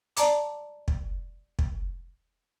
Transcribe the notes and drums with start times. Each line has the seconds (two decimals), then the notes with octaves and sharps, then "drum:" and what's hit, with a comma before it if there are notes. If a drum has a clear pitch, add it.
0.17 D5 A5 A#5 D6, drum: hi-hat
0.88 drum: kick
1.59 drum: kick